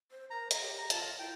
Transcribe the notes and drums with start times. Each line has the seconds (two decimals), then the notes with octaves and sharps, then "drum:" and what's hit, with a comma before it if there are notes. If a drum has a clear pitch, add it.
0.11 C5
0.30 A#4 A#5
0.51 drum: hi-hat
0.61 G4
0.78 A#5
0.90 F4 A5, drum: hi-hat
1.19 E4 G5